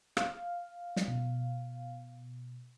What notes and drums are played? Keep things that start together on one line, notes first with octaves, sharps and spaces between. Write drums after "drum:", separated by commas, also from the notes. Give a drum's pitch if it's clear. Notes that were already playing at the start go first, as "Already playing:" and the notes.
F5, drum: rim click
drum: snare
B2